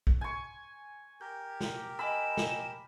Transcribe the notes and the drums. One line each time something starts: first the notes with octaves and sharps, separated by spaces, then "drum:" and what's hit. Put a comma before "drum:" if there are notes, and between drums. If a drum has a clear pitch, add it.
drum: kick
G#5 C#6
G4 A#4 G6
drum: snare
D#5 G#5 B5 E6 E7
drum: snare